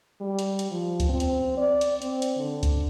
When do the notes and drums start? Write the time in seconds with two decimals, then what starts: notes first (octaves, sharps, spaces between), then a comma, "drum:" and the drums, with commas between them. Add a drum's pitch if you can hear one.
0.21 G3
0.39 drum: hi-hat
0.59 drum: hi-hat
0.71 F3
1.00 drum: kick C#2, hi-hat
1.09 C4
1.20 drum: hi-hat
1.57 D5
1.81 drum: hi-hat
2.02 C4, drum: hi-hat
2.22 drum: hi-hat
2.37 D3
2.63 drum: kick C#2, hi-hat